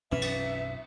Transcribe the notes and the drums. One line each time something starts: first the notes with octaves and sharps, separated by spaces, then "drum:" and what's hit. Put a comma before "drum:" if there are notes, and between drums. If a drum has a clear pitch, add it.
B1 F#2 E3 C#4 E5
drum: cymbal